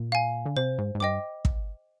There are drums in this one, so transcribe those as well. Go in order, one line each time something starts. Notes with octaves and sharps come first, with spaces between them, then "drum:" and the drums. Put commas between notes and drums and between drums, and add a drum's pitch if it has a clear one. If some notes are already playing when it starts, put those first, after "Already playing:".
Already playing: A#2
F5 G#5
D3
C3 C5
G#2
G#2
G2 D#5 G5 D6
drum: kick